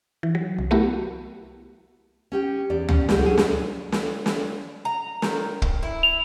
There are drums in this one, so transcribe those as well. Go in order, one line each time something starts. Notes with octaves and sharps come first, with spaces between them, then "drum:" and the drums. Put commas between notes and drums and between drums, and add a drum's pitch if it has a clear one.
E3
F#3
C2
A3 B3 E4 F#4 G4 A#4
C#4 G4 G5
E2 G4 D5
C#4, drum: tom
B2 F#3 G#3 F4 G4, drum: snare
C#4 D4 F#4 G#4 A4
D#4, drum: snare
drum: snare
drum: snare
A#5
D#3, drum: snare
drum: kick
E4
F7